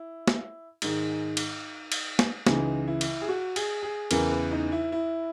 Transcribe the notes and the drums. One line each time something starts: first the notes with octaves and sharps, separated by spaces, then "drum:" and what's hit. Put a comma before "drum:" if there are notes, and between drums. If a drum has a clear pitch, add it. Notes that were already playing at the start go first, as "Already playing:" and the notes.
Already playing: E4
drum: snare
G#2 D#3 G#3 D#4, drum: cymbal
drum: cymbal
drum: cymbal
drum: snare
C#2 C#3 E3 D#4, drum: snare
E4
drum: cymbal
G#4
F#4
G#4, drum: cymbal
G#4
E2 C#3 E3 A#4, drum: cymbal
B4
D#4
E4
E4